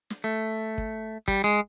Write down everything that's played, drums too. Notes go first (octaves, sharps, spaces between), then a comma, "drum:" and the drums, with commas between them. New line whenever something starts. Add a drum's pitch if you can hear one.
drum: snare
A3
drum: kick
G3, drum: kick
G#3